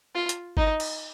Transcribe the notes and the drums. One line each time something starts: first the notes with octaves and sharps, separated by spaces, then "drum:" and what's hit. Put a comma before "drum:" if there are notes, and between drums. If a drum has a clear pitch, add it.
F4
drum: hi-hat
D#4, drum: kick G1
drum: cymbal